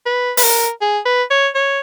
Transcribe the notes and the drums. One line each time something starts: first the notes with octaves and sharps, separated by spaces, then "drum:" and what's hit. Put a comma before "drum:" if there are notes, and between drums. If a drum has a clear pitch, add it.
B4
B4, drum: open hi-hat
A#4
G#4
B4
C#5
C#5